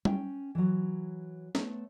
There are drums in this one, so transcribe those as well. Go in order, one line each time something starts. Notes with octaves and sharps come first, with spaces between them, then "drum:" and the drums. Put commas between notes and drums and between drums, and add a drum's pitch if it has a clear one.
C#4 G5, drum: tom G3
E3 F#3
A3 B3 C4 C#5, drum: snare